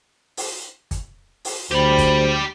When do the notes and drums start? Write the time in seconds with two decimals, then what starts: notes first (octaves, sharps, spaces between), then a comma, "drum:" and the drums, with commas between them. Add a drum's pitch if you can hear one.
0.37 drum: open hi-hat
0.91 drum: kick, hi-hat
1.45 drum: open hi-hat
1.71 D2 G3 G4 C5 B5
1.98 drum: kick, hi-hat